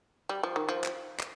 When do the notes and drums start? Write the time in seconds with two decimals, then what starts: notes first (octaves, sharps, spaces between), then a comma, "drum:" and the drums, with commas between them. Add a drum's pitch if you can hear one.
0.29 G3
0.43 F3
0.56 D#3
0.69 F3
0.84 drum: clap
1.20 drum: clap